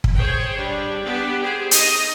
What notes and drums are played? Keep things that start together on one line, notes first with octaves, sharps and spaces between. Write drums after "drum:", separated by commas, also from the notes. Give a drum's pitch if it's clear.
drum: kick
G#4 C5 C#5 G5
G3 D4
B3 D4 G4
G4 G#4 C5
D#4 D#5, drum: hi-hat